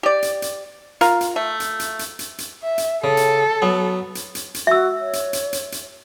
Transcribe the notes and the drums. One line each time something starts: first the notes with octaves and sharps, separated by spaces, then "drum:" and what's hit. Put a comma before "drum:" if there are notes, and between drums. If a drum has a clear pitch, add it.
G4 D5
drum: hi-hat
drum: hi-hat
F4 A#4 F5, drum: hi-hat
drum: hi-hat
A3
drum: hi-hat
drum: hi-hat
drum: hi-hat
drum: hi-hat
drum: hi-hat
E5
drum: hi-hat
C#3 A4
drum: hi-hat
F#3 B3
drum: hi-hat
drum: hi-hat
drum: hi-hat
F#4 E5 E6
C#5
drum: hi-hat
drum: hi-hat
drum: hi-hat
drum: hi-hat